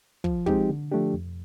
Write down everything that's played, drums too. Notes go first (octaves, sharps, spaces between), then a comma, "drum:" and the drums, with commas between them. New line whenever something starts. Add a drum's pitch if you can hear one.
F3, drum: kick
G#3 C4 D#4 G4, drum: kick
D3
F3 A3 D4 G4
F2